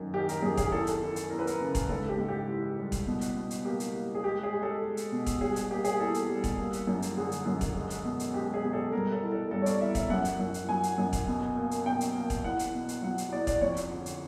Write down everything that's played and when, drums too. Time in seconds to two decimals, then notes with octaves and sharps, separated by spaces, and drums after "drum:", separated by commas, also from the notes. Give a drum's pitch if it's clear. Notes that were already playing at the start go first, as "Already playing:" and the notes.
Already playing: F#2 D#3
0.13 D#3 G4
0.29 A#4, drum: hi-hat
0.42 F#2 G#4
0.57 G#4, drum: kick E1, hi-hat
0.72 E2 A4
0.87 drum: hi-hat
1.02 E3
1.16 drum: hi-hat
1.30 E2 A#4
1.39 B4
1.47 A#4, drum: hi-hat
1.60 C#3
1.75 drum: kick E1, hi-hat
1.89 G#2 A4
2.09 G4
2.18 G#2
2.28 G4
2.48 E3
2.77 G3
2.92 drum: kick E1, hi-hat
3.07 B2
3.21 drum: hi-hat
3.36 B2
3.51 drum: hi-hat
3.65 A#3 G4
3.80 drum: hi-hat
3.94 A#3
4.15 G#4
4.24 G#3 G4
4.43 G#4
4.53 G#3
4.63 A4
4.83 G#3
4.97 drum: hi-hat
5.12 B2
5.26 drum: kick E1, hi-hat
5.41 G3 G#4
5.56 G#4, drum: hi-hat
5.70 A#3 G4
5.84 G#4, drum: hi-hat
6.00 E2 A4
6.14 drum: hi-hat
6.29 G3
6.44 drum: kick E1, hi-hat
6.59 A#3
6.73 drum: hi-hat
6.87 F#2
7.02 drum: hi-hat
7.17 D3 G#4
7.32 drum: hi-hat
7.46 F#2
7.61 drum: kick E1, hi-hat
7.76 G#3
7.90 drum: hi-hat
8.05 B2
8.20 drum: hi-hat
8.34 G#3 G4
8.54 G#4
8.64 B2
8.73 A4
8.93 G2 A#4
9.12 A4
9.22 E3
9.32 A4
9.51 G2 A4
9.62 C#5
9.66 D5, drum: hi-hat
9.81 E3 E5
9.95 E5, drum: kick E1, hi-hat
10.10 F#2 F#5
10.25 drum: hi-hat
10.39 F#2
10.54 drum: hi-hat
10.69 F#3 G#5
10.83 drum: hi-hat
10.98 F#2
11.13 drum: kick E1, hi-hat
11.28 B2
11.57 A#3
11.71 drum: hi-hat
11.86 B2 G5
12.01 drum: hi-hat
12.15 A#3
12.30 drum: kick E1, hi-hat
12.44 E2 F#5
12.59 drum: hi-hat
12.74 B2
12.89 drum: hi-hat
13.03 F#3 F#5
13.18 drum: hi-hat
13.33 E2 D5
13.47 D5, drum: kick E1, hi-hat
13.61 F2 C#5
13.76 drum: hi-hat
13.91 D3
14.06 drum: hi-hat